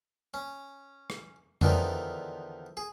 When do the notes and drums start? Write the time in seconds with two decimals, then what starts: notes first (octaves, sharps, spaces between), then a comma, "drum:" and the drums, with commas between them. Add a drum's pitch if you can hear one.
0.34 C#4
1.10 drum: rim click
1.61 E2 D3 D#3 F3 B3 D4, drum: tom F2
2.77 G#4